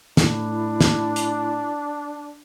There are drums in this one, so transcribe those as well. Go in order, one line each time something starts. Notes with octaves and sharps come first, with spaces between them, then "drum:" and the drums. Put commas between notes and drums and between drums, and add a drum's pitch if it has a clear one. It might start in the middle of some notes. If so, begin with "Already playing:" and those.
A2 D4 E4, drum: snare
drum: snare
drum: hi-hat